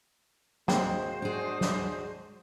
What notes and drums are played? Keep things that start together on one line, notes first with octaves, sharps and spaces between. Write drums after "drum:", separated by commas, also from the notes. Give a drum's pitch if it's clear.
G#3 A#3 C4 F#4 C5, drum: snare
G#3 D4 G#4
drum: snare